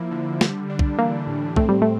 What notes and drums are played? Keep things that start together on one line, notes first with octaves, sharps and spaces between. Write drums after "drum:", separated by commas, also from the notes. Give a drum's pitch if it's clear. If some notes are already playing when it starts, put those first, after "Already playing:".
Already playing: F3 A#3 E4
D3
G3, drum: snare
D4
drum: kick
E3 A#3
A2
A3 C4, drum: kick
G3
A3